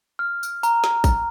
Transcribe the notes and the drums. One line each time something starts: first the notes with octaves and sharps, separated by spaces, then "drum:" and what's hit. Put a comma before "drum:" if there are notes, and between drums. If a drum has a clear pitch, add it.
F6
drum: tambourine
A#5, drum: tambourine
drum: snare
drum: kick A#1, tambourine